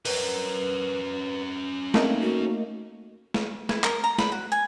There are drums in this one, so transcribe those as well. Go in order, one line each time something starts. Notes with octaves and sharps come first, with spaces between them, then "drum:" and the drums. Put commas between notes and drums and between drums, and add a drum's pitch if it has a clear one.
C#4 A#4 B4, drum: open hi-hat
A3 A#3 C4 D#4, drum: snare
F#4
drum: snare
E4, drum: snare
A#4, drum: clap
A#5
B5, drum: snare
F#4
G#5